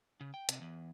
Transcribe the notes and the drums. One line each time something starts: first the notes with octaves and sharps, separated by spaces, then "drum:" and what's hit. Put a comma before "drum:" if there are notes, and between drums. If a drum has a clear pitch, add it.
C#3
G5
C3, drum: hi-hat
E2